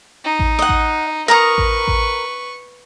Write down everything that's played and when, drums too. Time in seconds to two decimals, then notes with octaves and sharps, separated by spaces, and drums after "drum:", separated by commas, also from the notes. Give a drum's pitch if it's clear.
0.25 D#4
0.39 drum: kick A1
0.59 D#5 F#5
0.69 drum: kick A1
1.28 A#4 B4 A#5 C#6 D#6
1.58 drum: kick A1
1.88 drum: kick A1